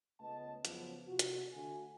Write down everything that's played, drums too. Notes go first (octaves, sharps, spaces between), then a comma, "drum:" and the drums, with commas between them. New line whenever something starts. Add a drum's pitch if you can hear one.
C#2 A3 B3 D#5 A5
F#2 C#3 F3 B3, drum: hi-hat
C3 F4 F#4
drum: hi-hat
D3 A3 F#4 G#5